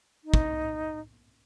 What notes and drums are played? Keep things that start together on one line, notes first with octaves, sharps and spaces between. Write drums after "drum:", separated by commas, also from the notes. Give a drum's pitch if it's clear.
D#4
drum: kick